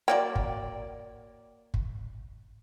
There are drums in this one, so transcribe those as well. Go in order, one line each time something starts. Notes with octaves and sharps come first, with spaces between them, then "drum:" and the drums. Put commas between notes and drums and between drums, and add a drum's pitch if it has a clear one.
F#3 A#3 D5 G5
drum: kick
drum: kick